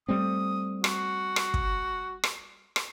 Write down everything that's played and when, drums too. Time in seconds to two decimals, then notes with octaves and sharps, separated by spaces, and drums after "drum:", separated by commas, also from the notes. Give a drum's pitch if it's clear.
0.08 G3 A3 C4 D#6
0.84 F#4, drum: rim click
1.36 drum: rim click
1.54 drum: kick
2.24 drum: rim click
2.76 drum: rim click